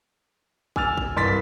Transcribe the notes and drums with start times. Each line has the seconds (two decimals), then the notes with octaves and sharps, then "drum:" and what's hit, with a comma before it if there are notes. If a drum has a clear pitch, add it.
0.76 G#5 E6 F6 A6 F7, drum: kick
0.97 drum: kick
1.16 C2 G2 C6 A6 B6